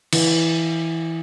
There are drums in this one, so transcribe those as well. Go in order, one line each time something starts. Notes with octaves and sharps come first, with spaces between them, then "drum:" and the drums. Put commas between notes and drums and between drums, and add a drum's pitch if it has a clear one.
E3, drum: cymbal